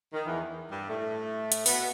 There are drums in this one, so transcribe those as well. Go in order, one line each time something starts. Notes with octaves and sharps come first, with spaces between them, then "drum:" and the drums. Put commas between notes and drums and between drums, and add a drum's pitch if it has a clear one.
D#3
E2 E3
G2 G3
A2 A3
drum: hi-hat
B2 B3, drum: open hi-hat